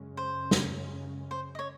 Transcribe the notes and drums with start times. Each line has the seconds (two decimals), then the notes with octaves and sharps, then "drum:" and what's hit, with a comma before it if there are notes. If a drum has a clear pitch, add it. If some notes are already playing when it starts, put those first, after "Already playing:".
Already playing: F#2 C#3 G#3 C#4
0.17 C5
0.51 drum: snare
1.31 C5
1.55 D#5
1.59 C#5